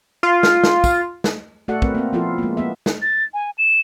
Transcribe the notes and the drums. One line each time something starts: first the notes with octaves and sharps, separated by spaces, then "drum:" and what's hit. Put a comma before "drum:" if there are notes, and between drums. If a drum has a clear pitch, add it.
F4
drum: snare
drum: snare
drum: kick, tambourine
drum: snare
A3 F#4 A4 D5 F#5
A3 C4 A#4 B4, drum: kick
A#3 C4
F3 B3 E4 F4 A4
G#3 A#3
A#3 B3 E5
drum: snare
A6
G#5
E7